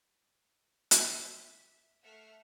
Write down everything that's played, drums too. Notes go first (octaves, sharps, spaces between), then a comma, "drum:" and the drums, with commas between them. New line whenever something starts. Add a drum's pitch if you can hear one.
drum: hi-hat
E5
A3 E5 F#5 E6 F6 C7